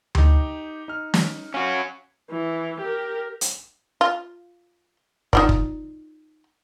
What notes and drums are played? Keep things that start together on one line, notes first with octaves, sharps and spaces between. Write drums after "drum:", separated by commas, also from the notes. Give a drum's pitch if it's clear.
D#4 G4, drum: tom D2
D#4 F6
drum: snare
C#4 F#4 F5
E3
G4 A#4
drum: hi-hat
F4
D#4 F4 D5, drum: kick
drum: kick